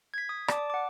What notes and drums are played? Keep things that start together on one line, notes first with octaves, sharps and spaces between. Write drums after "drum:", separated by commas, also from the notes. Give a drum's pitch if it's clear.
G#6 B6
D#6
D5 A5 D6, drum: rim click
F#5 D6